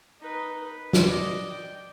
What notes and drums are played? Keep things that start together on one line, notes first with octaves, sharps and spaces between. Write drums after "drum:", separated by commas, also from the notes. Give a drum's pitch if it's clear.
D#4 B4
B4
drum: snare
D5 D#5
G5